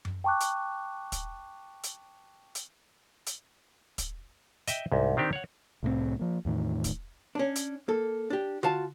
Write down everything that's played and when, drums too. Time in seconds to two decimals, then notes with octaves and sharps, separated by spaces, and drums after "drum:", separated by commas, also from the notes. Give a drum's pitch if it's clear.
0.05 drum: tom F#2
0.24 G5 A5 C#6 D6 F#6
0.41 drum: hi-hat
1.12 drum: kick, hi-hat
1.84 drum: hi-hat
2.55 drum: hi-hat
3.27 drum: hi-hat
3.98 drum: kick, hi-hat
4.68 D#5 E5 G5, drum: hi-hat
4.92 C2 G#2
5.17 D#3 C4 D4 G4
5.33 C#5 F#5
5.83 C2 A2 G#3 C4
6.19 F3 A#3
6.45 E2 A2 D#3
6.84 drum: kick, hi-hat
7.35 C#4 D4
7.56 drum: hi-hat
7.88 A#3 A4
8.30 D4 G4
8.63 F4 F#4 F5 A5, drum: tom D3